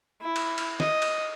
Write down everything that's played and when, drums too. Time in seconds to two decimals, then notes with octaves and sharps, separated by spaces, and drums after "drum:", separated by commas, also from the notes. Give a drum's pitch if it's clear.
0.21 E4
0.36 drum: cymbal
0.58 drum: cymbal
0.80 D#5, drum: snare
1.02 drum: cymbal